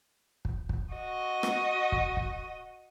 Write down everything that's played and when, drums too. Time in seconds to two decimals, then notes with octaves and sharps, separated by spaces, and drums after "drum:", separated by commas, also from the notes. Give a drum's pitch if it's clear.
0.45 drum: kick
0.69 drum: kick
0.94 F#4 D#5
1.43 drum: rim click
1.92 drum: kick
2.17 drum: kick